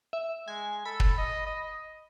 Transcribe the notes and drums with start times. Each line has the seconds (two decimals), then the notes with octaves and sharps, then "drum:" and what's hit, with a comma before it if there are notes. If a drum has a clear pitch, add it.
0.13 E5
0.48 G#3 G#5
0.85 A4 B5
1.00 drum: kick
1.18 D#5
1.46 D#5